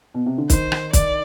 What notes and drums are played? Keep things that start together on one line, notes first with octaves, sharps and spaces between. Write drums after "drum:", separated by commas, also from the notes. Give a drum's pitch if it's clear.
B2
C3
D3
D#3 C5, drum: kick, hi-hat
drum: rim click
D5, drum: kick, hi-hat